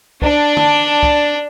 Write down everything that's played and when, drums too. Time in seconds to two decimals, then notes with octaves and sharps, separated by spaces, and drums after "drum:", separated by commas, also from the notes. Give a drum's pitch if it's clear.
0.22 D4, drum: kick
0.57 drum: tom D3
1.03 drum: kick